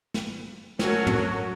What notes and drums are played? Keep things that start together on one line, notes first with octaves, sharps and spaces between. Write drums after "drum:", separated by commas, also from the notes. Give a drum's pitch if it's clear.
drum: snare
F#3 A3 C#4 F#4 A#4, drum: snare
drum: tom